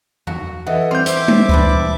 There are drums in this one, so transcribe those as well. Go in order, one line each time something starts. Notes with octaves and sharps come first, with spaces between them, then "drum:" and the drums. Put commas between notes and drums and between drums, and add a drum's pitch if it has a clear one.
F#4, drum: tom E2
E3 A4 D#5 E5 F#5
G3 C4 C6 F6 G6
C5 E5 D6, drum: hi-hat
drum: tom G3
E3 G3 D4 B5, drum: kick C#2